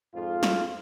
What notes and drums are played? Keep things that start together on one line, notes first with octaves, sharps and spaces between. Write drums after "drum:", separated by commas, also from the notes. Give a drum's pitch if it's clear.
F2 G#2 F4
drum: snare